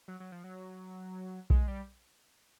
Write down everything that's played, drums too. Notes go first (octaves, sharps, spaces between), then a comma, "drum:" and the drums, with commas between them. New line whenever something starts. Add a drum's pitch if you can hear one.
F#3
F#3
F3
F#3
G#3, drum: kick B1
G3